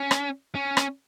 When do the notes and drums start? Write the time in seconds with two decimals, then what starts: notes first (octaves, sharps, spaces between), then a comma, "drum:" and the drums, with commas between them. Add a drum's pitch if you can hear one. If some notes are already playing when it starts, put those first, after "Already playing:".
Already playing: C#4
0.11 drum: rim click
0.55 C#4
0.77 drum: rim click